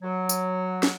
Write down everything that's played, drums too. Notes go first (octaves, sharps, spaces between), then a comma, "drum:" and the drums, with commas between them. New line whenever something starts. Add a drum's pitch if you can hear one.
F#3
drum: tambourine
drum: snare